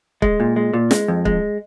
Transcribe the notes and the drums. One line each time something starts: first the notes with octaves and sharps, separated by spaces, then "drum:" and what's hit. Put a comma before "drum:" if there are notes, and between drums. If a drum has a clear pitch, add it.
G#3, drum: kick
A#2
G#3
A#2
G#3, drum: snare
F2
G#3, drum: kick